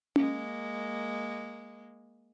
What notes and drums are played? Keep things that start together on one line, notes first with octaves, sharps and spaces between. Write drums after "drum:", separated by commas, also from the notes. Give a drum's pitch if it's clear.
G#3 A#3, drum: tom C#4